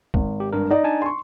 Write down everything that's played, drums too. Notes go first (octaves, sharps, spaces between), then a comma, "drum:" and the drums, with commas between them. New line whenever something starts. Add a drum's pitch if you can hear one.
G#1, drum: kick F1
G4
G2 D4 A#4
D#4 D5 D#5
D4 G#5 A5
C6 C#6